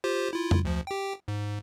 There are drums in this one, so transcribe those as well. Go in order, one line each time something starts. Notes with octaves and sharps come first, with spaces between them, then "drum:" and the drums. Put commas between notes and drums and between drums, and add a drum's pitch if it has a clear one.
F4 G4 C5
E4 F4
drum: tom F2
D2 F3
G4 G5
G#2